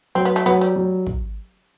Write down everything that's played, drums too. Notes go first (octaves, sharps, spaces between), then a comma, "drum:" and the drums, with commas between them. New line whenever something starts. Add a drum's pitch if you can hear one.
F#3 C4
B3
A3
F#3 B3
G3
F#3
drum: kick